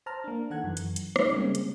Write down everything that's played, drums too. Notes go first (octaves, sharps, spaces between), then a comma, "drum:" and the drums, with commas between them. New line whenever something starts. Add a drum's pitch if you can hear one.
C5 A5 A#5 F6
A#3 D4
D#3 A4 F#5 F#6 G#6
F#2 E3
drum: hi-hat
drum: hi-hat
D#4, drum: rim click
C#3 G3 G#3 A#3 C4 C#4
drum: hi-hat